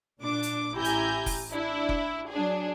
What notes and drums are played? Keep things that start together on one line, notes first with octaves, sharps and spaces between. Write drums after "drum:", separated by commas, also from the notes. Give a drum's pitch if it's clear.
A#2 D4 D6
drum: hi-hat
A1 E4 G4 G#5 A#5 G6
drum: hi-hat
drum: kick F1, open hi-hat
D4 E4
drum: kick F1
F#3 D4 G#4